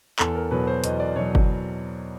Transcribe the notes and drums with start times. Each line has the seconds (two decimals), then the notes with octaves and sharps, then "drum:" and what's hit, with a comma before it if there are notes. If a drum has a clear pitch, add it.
0.19 E2 A4, drum: clap
0.35 A#4
0.51 B2 F#3 B4
0.67 C5
0.84 E2 D#5, drum: hi-hat
1.00 D5
1.16 B2 F#3 C#5
1.35 drum: kick G1